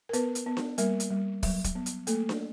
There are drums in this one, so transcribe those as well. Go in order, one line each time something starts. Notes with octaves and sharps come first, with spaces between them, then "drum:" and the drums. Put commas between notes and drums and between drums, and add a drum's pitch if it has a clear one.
A#4
B3 B4, drum: hi-hat
drum: hi-hat
B3
drum: snare D4
G3 A#3 A#4, drum: hi-hat
drum: hi-hat
G3
F#3, drum: kick, open hi-hat
drum: kick, hi-hat
B3
drum: hi-hat
A3 A#3 A4, drum: hi-hat
drum: snare D4